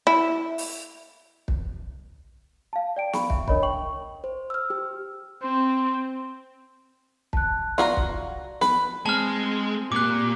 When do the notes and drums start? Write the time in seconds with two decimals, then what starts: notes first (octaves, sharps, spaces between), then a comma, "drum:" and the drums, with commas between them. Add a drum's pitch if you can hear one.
0.07 E4
0.58 drum: open hi-hat
1.48 drum: kick
2.73 F5 A5
2.96 D5 G5 D7
3.13 B5 C#6, drum: snare
3.30 E5, drum: kick
3.48 D4 A#4 C#5 D#5 B5, drum: kick
3.62 G5 C#6 F#7
4.24 C5
4.50 E6 F6
4.70 G4
5.43 C4 C5
7.33 A5 F#6, drum: kick
7.78 F4 F#4 D5 A#5, drum: snare
7.97 drum: kick
8.61 B4, drum: snare
9.06 G#3 C4 A5 F6
9.92 A#2 G4 D6 F#6